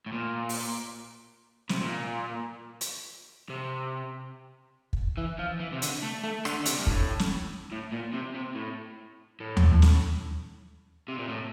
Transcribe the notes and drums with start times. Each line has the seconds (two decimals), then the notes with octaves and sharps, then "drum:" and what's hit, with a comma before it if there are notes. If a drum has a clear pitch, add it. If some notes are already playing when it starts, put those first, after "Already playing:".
0.06 A2
0.12 A#2
0.49 drum: open hi-hat
1.69 C3, drum: snare
1.81 A#2
2.81 drum: hi-hat
3.49 C3
4.93 drum: kick
5.18 E3
5.39 F3
5.60 E3
5.73 C3
5.82 D3, drum: hi-hat
6.03 A3
6.24 A3
6.45 D3, drum: rim click
6.62 D3
6.66 C3, drum: hi-hat
6.79 G2
6.87 A2, drum: kick
7.19 drum: snare
7.72 A2
7.92 A#2
8.13 C3
8.34 C3
8.55 A2
9.40 A2
9.57 drum: tom D#2
9.82 drum: snare
11.08 C3
11.19 A#2
11.28 A2